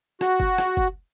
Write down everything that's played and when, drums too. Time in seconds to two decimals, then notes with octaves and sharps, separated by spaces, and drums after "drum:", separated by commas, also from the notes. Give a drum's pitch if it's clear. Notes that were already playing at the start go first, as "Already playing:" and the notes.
0.21 F#4, drum: rim click
0.40 drum: kick F#1
0.58 drum: rim click
0.77 drum: kick F#1